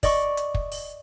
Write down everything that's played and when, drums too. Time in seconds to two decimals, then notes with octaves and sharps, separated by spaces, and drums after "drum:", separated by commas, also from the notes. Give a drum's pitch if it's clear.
0.03 D5 D#5 C#6, drum: kick, open hi-hat
0.37 drum: hi-hat
0.54 drum: kick
0.72 drum: open hi-hat